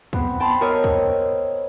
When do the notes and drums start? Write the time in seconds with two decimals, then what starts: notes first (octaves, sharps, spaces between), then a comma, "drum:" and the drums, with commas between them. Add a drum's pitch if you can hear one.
0.13 B3 C4, drum: kick
0.40 G5 A5 B5 C6
0.61 A#4 C5 C#5 D#5 G5 E6
0.84 drum: kick